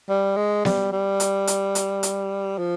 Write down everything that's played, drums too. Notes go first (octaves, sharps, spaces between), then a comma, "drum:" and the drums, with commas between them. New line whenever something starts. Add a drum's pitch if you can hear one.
G3
G#3
G3, drum: snare B3
G3
drum: hi-hat
drum: hi-hat
drum: hi-hat
drum: hi-hat
F3